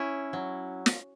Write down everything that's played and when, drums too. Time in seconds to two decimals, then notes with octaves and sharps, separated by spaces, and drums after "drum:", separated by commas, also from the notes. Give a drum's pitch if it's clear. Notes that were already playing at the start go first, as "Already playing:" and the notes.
Already playing: C#4 E4
0.33 F#3
0.86 drum: snare